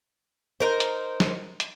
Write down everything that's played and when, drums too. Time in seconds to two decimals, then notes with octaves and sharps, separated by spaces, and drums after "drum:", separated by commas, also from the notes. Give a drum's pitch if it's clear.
0.60 D#4 A#4 C5
0.80 drum: hi-hat
1.20 drum: snare
1.60 drum: hi-hat